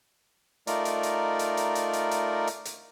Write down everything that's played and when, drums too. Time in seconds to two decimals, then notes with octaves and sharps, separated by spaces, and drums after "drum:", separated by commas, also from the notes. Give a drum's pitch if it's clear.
0.67 A3 D#4 F4 A#4 D5, drum: hi-hat
0.85 drum: hi-hat
1.03 drum: hi-hat
1.39 drum: hi-hat
1.57 drum: hi-hat
1.75 drum: hi-hat
1.93 drum: hi-hat
2.11 drum: hi-hat
2.47 drum: hi-hat
2.65 drum: hi-hat